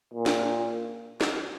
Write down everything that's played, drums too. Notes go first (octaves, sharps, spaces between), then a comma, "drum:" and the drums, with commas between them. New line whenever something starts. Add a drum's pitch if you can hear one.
A#2
drum: snare
drum: snare